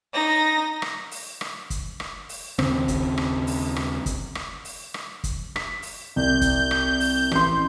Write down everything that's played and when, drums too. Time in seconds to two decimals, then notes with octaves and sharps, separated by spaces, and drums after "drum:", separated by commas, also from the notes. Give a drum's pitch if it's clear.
0.14 D#4 A#6
0.82 drum: rim click
1.11 drum: open hi-hat
1.41 drum: rim click
1.70 drum: kick, hi-hat
2.00 drum: rim click
2.29 drum: open hi-hat
2.59 D#2 C#3 C4, drum: rim click
2.88 drum: kick, hi-hat
3.18 drum: rim click
3.47 drum: open hi-hat
3.76 drum: rim click
4.06 drum: kick, hi-hat
4.35 drum: rim click
4.65 drum: open hi-hat
4.94 drum: rim click
5.24 drum: kick, hi-hat
5.56 B6, drum: rim click
5.82 drum: open hi-hat
6.16 C2 G6
6.41 drum: kick, hi-hat
6.71 drum: rim click
7.00 drum: open hi-hat
7.31 A1 C6, drum: rim click